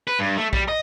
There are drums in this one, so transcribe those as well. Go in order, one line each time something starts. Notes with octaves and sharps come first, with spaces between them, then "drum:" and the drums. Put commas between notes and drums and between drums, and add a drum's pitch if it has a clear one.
B4
G2
A3
G3, drum: kick A#1
D#5